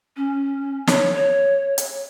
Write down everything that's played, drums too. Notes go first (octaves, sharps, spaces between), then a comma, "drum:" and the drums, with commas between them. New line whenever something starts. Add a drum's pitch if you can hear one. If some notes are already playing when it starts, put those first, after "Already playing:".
C#4
C#5, drum: snare
C#5
drum: hi-hat